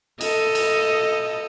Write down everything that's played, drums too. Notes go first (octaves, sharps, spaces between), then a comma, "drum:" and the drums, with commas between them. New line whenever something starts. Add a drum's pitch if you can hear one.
A4 D#5, drum: cymbal
drum: cymbal